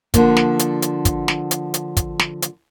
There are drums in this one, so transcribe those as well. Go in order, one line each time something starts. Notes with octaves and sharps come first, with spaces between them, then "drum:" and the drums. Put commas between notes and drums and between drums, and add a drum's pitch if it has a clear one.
D3 F3 A#3, drum: kick, hi-hat
drum: snare
drum: hi-hat
drum: hi-hat
drum: kick, hi-hat
drum: snare
drum: hi-hat
drum: hi-hat
drum: kick, hi-hat
drum: snare
drum: hi-hat